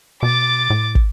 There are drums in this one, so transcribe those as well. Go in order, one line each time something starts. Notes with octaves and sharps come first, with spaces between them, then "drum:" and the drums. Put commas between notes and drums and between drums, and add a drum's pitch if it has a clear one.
B2 D6 A6
A2
drum: kick